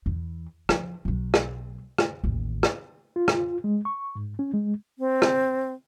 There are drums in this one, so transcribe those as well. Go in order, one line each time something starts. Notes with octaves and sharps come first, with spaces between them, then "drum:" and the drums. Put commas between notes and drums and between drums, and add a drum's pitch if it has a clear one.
E2
F3, drum: rim click
B1 F#3
drum: rim click
drum: rim click
A1 D#2
drum: rim click
F4
drum: rim click
G#3
C#6
G#2
C#4
G#3
C4
drum: rim click